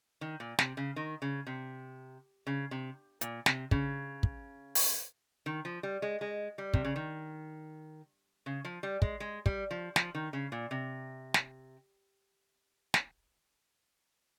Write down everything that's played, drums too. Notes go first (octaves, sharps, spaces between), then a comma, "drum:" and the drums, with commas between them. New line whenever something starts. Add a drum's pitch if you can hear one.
D#3
A#2
C3, drum: snare
C#3
D#3
C#3
C3
C#3
C3
A#2, drum: hi-hat
C3, drum: snare
C#3, drum: kick
drum: kick
drum: open hi-hat
D#3
F3
G3
G#3
G#3
G3
C3, drum: kick
C#3
D#3
C#3
F3
G3
G#3, drum: kick
G#3
G3, drum: kick
F3
F3, drum: snare
D#3
C#3
A#2
C3
drum: snare
drum: snare